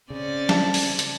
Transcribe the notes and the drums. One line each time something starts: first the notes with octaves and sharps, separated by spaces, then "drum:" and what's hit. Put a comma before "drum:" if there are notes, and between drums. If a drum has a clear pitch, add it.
C#3 C4 C#4 D5
A5, drum: snare
drum: open hi-hat
drum: hi-hat